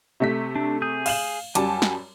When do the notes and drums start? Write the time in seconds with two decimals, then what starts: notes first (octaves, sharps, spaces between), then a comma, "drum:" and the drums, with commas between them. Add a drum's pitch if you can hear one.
0.20 C3 A3 B6
0.56 D4
0.82 G#4 D#6 G6
1.06 F5 E7 F#7, drum: cymbal
1.55 F#2 G3 F#5 G#5 A5 D6, drum: hi-hat
1.82 drum: snare